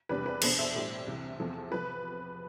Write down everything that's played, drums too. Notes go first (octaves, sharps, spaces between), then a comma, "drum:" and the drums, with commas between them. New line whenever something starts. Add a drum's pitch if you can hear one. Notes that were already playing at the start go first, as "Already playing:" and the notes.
F1 E2 C3 G3 D4 B4
B4
E2 B2 B3 D4 A4 C5, drum: cymbal
C5 E5
A2 G3 D4
C2 C3 E3
E2 C3 F3 A4
C3 F3 B4